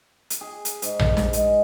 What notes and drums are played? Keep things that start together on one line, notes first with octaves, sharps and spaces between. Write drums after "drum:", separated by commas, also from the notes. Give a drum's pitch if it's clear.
drum: hi-hat
G#4
drum: hi-hat
G#2, drum: hi-hat
drum: tom A#1
drum: snare
G#3, drum: hi-hat